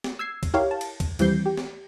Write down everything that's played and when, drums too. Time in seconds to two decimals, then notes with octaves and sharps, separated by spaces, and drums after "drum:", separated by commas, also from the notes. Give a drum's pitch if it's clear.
0.04 drum: snare
0.19 E6 G#6 C7
0.43 drum: kick D2, cymbal
0.54 E4 G4 A#4 C#5 F5
0.71 A5
0.81 drum: cymbal
1.00 drum: kick D2, cymbal
1.19 D#2 E3 G3 C4 G6 C7, drum: cymbal
1.46 G4
1.57 drum: snare